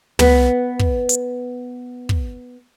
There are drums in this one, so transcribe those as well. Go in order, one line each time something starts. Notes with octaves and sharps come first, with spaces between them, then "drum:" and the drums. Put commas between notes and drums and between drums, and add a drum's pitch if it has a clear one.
B3 B4, drum: tom
drum: kick
drum: hi-hat
drum: kick